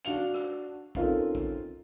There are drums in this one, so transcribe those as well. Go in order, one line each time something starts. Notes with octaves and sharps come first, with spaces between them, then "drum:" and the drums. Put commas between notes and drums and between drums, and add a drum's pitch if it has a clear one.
D4 F#4 F5 F7, drum: hi-hat
drum: rim click
C4 C#4 D#4 F4 A4 A#4, drum: kick
drum: kick